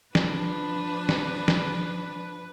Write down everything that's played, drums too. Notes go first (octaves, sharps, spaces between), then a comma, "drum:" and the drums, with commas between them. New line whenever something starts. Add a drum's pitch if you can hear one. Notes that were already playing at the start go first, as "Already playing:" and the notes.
F3 D4 B4, drum: snare
drum: snare
drum: snare